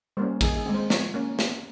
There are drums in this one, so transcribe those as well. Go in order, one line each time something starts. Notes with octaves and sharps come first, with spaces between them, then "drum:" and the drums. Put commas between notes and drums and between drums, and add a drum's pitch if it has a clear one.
G3 A#3 C#4 C5
D#3 G#4, drum: kick, cymbal
G#4
G#3 C4
C5
F3 C#5, drum: snare
A#3 C#4
drum: snare